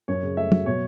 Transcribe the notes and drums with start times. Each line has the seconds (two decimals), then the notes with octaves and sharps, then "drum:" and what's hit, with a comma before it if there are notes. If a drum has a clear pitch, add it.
0.08 F#2 C#5
0.23 C#3
0.37 A3 E5
0.52 F#3, drum: tom
0.66 B2 C#5